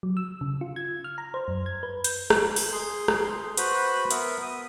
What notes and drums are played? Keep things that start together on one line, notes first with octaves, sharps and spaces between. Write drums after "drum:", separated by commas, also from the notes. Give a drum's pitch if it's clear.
F#3
E6
C#3
F4
G#6
F6
A#5
C5
F#2
G#6
B4
G6, drum: hi-hat
drum: rim click
drum: open hi-hat
G#4 C6
drum: rim click
F#4 B4 C5 B5, drum: hi-hat
B3 A#4 E5, drum: hi-hat
D#6